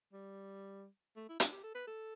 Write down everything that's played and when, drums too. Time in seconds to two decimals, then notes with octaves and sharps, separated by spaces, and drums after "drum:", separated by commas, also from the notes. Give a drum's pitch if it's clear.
0.12 G3
1.16 A3
1.29 E4
1.40 D4, drum: hi-hat
1.52 G4
1.63 A4
1.75 B4
1.87 A4